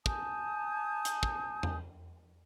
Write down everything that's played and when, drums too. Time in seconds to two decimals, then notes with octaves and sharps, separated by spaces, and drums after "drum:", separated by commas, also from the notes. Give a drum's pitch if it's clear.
0.06 G#5 A5 D#6 G6, drum: kick
1.05 drum: hi-hat
1.23 drum: kick
1.63 drum: tom E2